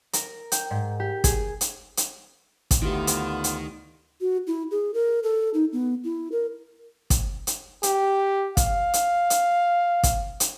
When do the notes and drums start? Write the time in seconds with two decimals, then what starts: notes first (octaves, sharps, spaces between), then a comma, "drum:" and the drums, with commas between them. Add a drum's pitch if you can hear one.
0.13 A#4, drum: hi-hat
0.52 G5, drum: hi-hat
0.71 G#2
1.00 G4
1.24 G#4, drum: kick, hi-hat
1.61 drum: hi-hat
1.97 drum: hi-hat
2.71 drum: kick, hi-hat
2.82 D2 D3 D#3 B3 E4 F4 G4
3.07 drum: hi-hat
3.44 drum: hi-hat
4.21 F#4
4.47 E4
4.71 G#4
4.94 A#4
5.23 A4
5.54 D#4
5.72 B3
6.04 E4
6.32 A#4
7.10 drum: kick, hi-hat
7.47 drum: hi-hat
7.83 G4, drum: hi-hat
8.57 F5, drum: kick, hi-hat
8.94 drum: hi-hat
9.30 drum: hi-hat
10.03 drum: kick, hi-hat
10.40 drum: hi-hat